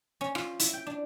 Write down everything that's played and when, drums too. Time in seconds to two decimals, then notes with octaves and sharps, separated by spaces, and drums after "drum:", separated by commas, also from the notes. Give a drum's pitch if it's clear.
0.21 C#4
0.35 F4, drum: rim click
0.59 E4, drum: hi-hat
0.73 G5
0.87 D4